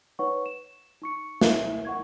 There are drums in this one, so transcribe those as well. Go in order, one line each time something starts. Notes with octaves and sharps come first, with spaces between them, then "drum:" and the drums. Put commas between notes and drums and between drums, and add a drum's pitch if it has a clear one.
D#4 B4 C#5 F#5 C#6
E7
D#4 C#6 C#7
E5 G7, drum: snare
F#5 C#6 G#6